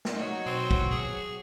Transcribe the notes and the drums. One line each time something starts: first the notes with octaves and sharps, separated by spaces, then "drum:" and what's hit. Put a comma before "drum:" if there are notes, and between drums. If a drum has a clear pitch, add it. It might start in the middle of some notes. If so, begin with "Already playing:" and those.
drum: snare
F#3 D#4 F#4 C#5
B2 C4
drum: kick
G#4